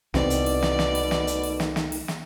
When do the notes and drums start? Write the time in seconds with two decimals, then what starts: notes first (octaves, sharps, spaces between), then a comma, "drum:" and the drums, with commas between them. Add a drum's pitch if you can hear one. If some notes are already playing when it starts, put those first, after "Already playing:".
0.14 C2 B2 D#3 A3 C4 D#4 D5, drum: snare
0.30 drum: hi-hat
0.46 drum: open hi-hat
0.63 drum: snare
0.79 drum: snare
0.95 drum: open hi-hat
1.11 drum: snare
1.27 drum: hi-hat
1.43 drum: open hi-hat
1.60 drum: snare
1.76 drum: snare
1.92 drum: open hi-hat
2.08 drum: snare